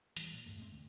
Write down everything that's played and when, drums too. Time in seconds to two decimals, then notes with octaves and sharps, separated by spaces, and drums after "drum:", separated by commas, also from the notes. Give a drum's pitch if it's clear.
0.17 E3 G3 G#3, drum: hi-hat
0.33 A#2
0.46 D2 G2 A3
0.59 G#3 C4
0.72 D2 D3